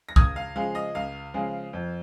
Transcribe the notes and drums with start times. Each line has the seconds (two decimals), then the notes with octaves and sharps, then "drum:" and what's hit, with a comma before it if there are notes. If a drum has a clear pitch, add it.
0.09 A#6
0.16 C#2 D#6 G#6, drum: kick B1
0.36 F5
0.56 C#3 F3 G#3 F5
0.75 D#5
0.95 C#2 F5
1.34 C#3 F3 G#3
1.73 F2